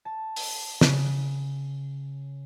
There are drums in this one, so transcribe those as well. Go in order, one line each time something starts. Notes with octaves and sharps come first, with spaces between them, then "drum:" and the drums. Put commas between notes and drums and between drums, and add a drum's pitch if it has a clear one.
A5
drum: open hi-hat
C#3, drum: snare